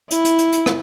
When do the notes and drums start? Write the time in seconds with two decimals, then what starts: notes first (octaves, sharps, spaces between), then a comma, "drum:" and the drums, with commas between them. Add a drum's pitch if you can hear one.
0.11 E4, drum: hi-hat
0.25 drum: hi-hat
0.38 drum: hi-hat
0.52 drum: hi-hat
0.66 drum: rim click